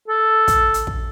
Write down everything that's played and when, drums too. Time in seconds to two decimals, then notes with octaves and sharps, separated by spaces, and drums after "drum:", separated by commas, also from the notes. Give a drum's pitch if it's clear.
0.08 A4
0.48 drum: kick, hi-hat
0.74 drum: hi-hat
0.87 drum: kick